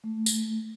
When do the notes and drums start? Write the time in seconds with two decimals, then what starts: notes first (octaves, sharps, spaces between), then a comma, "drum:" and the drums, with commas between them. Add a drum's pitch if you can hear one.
0.04 A3
0.26 drum: tambourine